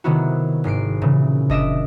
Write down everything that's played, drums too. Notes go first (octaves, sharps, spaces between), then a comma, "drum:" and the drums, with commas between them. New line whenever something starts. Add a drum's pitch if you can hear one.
C3 D#3 F#3 B3 E4 F#4
G#1 G#2 C7 D7
A#2 C#3 E3
D4 D#5 E5 D7 E7, drum: kick F#1